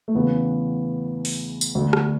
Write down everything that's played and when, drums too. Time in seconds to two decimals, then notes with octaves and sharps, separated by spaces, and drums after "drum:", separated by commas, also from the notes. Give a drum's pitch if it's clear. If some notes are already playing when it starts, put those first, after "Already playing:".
0.08 A3
0.15 E2 C#3 E3 B3
1.25 drum: open hi-hat
1.61 drum: tambourine
1.75 D2 D3
1.93 drum: rim click